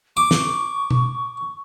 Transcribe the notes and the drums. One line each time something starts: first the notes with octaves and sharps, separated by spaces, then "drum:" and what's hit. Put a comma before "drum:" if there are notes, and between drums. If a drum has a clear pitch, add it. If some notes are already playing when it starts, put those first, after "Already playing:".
C#6 D6
drum: snare
drum: tom B2